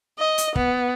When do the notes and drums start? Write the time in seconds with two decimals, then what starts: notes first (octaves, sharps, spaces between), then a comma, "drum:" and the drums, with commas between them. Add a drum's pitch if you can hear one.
0.18 D#5
0.38 drum: hi-hat
0.56 B3, drum: kick